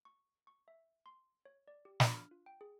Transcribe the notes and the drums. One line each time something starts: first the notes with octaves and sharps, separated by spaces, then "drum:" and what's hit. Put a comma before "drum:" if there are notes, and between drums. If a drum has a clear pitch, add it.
C#6
C#6
E5
C6
C#5
D5
G4
D4, drum: snare
F6
F4
G5
G#4